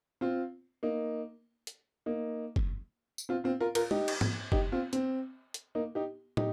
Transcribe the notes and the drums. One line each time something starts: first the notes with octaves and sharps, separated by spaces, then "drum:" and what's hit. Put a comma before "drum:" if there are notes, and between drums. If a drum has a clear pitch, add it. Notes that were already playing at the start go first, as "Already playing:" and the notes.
C4 F4
A#3 D#4
drum: hi-hat
A#3 D#4
drum: kick F#1
drum: tambourine
C4 F4
C4 F4
F4 A#4
F4 A#4, drum: cymbal
D#4 G4, drum: tom
drum: cymbal
drum: tom G#2
D#4 G4, drum: kick F#1
C4 F4
C4, drum: hi-hat
drum: hi-hat
A#3 D#4
D#4 G4
D#4 G4, drum: tom